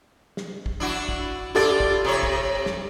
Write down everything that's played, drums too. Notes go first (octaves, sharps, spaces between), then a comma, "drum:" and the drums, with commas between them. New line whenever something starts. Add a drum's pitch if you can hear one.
drum: snare
drum: kick
D4 E4 F#4
drum: kick
E4 F4 G4 A4 D5 A6
drum: kick
C3 C#5
drum: kick
drum: snare